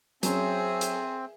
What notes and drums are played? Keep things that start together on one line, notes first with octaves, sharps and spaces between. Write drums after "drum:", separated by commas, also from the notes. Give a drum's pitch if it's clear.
F#3 C4 C#4 G#4 E5, drum: hi-hat
drum: hi-hat